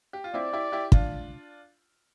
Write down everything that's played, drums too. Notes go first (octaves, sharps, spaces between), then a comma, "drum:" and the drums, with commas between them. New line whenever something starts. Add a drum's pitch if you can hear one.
G4
F4
C4 E4 D5
E4 G4
E4 G4
D4 F4, drum: kick